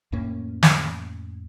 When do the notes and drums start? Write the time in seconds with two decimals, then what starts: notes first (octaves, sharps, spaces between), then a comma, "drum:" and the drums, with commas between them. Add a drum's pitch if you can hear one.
0.12 F2 A2 A#3 C#4
0.63 drum: snare